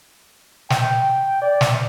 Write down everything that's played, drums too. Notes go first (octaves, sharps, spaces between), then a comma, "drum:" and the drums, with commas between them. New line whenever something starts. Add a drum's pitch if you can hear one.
G5, drum: snare
D5
drum: snare